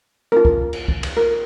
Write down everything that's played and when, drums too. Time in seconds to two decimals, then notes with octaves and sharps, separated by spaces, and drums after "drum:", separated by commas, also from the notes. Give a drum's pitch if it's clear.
0.32 A#3 C#4 F4 A#4
0.45 drum: kick
0.73 drum: cymbal
0.88 drum: kick
1.03 drum: cymbal
1.17 A#3 F4 A#4